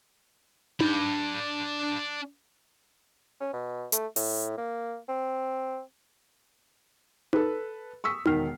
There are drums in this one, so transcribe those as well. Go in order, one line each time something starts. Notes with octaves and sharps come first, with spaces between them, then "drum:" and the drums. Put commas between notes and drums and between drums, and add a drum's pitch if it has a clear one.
D4 B5, drum: tom D#4
C#4
B2
A3, drum: hi-hat
A2, drum: open hi-hat
A#3
C4
A4 B4, drum: tom D#4
C#6 D#6 E6 B6
E1 D#3 F6 C7, drum: tom D#4